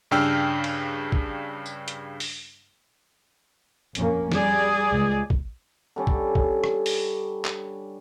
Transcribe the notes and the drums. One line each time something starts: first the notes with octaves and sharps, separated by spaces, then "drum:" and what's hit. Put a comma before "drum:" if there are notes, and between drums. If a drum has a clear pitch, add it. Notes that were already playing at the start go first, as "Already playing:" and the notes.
G2 C#3 D4 G5 E6 F6
drum: cymbal
drum: kick
drum: tambourine
drum: hi-hat
drum: open hi-hat
F2 A#3 C#4, drum: hi-hat
G3 G#4 D5, drum: snare
C#2
drum: kick
D3 G3 C#4
drum: kick
drum: kick
drum: rim click
drum: open hi-hat
drum: clap